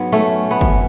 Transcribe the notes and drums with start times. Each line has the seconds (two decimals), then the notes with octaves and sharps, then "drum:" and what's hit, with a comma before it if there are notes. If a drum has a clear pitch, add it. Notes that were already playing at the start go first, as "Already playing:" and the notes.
Already playing: G#2 F#3 B3
0.12 A3 C#4
0.51 B3
0.61 drum: kick